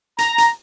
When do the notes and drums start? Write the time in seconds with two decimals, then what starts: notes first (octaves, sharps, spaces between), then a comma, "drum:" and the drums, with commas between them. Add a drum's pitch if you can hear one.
0.18 A#5, drum: hi-hat
0.38 drum: hi-hat